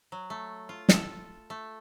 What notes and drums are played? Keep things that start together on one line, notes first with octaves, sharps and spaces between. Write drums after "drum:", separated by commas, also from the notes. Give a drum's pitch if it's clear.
F#3
A3
F4
A4, drum: snare
A3